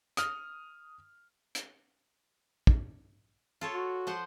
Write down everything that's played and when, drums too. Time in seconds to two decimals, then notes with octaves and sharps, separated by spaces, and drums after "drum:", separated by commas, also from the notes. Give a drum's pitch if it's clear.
0.17 D#6 F6, drum: hi-hat
1.55 drum: hi-hat
2.67 drum: kick
3.61 F4 A4 C#5
3.73 F#4
4.07 F3 C5 F#5